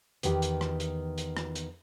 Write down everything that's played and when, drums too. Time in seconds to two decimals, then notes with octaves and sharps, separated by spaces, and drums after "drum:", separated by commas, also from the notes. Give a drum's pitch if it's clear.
0.23 E2 D#3 G4, drum: hi-hat
0.42 drum: hi-hat
0.61 drum: rim click
0.80 drum: hi-hat
1.18 drum: hi-hat
1.37 drum: rim click
1.55 drum: hi-hat